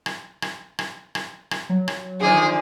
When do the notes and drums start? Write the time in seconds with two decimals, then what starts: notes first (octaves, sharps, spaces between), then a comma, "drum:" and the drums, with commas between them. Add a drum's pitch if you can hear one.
0.06 drum: rim click
0.42 drum: rim click
0.79 drum: rim click
1.15 drum: rim click
1.51 drum: rim click
1.69 F#3
1.88 drum: rim click
2.21 D3 D#3 F3 G#4 G#5